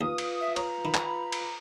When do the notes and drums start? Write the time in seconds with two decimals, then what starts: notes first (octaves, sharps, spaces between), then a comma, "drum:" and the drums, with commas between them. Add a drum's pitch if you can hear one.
0.01 D#2 F4 B4 F5 D#6
0.18 drum: cymbal
0.41 E5
0.56 C#5 A#5, drum: cymbal
0.85 D#3 B5
0.94 drum: clap
1.32 drum: cymbal